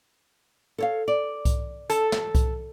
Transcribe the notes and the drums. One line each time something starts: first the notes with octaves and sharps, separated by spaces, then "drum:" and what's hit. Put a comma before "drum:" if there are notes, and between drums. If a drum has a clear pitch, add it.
A4 C#5 F5
D5
drum: kick C2, hi-hat
A4, drum: hi-hat
drum: snare
drum: kick C2, hi-hat